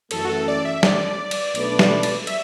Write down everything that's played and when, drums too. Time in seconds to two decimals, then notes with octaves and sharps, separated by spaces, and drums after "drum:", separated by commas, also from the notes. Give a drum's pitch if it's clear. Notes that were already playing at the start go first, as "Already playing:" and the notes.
0.11 F#2 E3 A3 A4, drum: cymbal
0.25 F#4
0.29 A4
0.48 D5
0.65 E5
0.83 D5, drum: snare
1.31 drum: cymbal
1.55 B1 B2 A3 D4 B4, drum: cymbal
1.79 drum: snare
2.03 drum: cymbal
2.27 E5, drum: cymbal